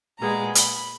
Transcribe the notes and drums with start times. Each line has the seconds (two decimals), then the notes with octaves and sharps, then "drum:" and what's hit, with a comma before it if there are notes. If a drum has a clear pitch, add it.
0.19 A#2 G#3 B3 A#5
0.55 B5, drum: hi-hat